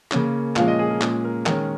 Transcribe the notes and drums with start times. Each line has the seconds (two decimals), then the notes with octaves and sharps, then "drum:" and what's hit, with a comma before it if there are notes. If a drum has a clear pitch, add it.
0.12 C#3 A#3 C#4, drum: clap
0.56 A#2 F3 G#3 C#4 F5, drum: clap
0.68 D#5
0.79 G#4
0.90 A#4
1.01 A#2 G#3 C#4 G#4, drum: clap
1.24 A#4
1.46 D#3 G#3 C#4 A#4, drum: clap